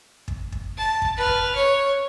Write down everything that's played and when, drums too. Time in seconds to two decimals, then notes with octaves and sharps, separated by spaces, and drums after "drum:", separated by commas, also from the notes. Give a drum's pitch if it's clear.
0.28 drum: kick
0.52 drum: kick
0.77 A5
1.02 drum: kick
1.17 B4 F6
1.26 drum: kick
1.56 C#5